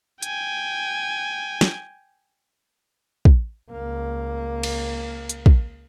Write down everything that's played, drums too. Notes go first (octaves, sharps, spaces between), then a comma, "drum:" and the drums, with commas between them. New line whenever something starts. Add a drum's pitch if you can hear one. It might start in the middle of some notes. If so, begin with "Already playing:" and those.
G5 G#5, drum: hi-hat
drum: snare
drum: kick
C#2 A#3
drum: cymbal
drum: hi-hat
drum: kick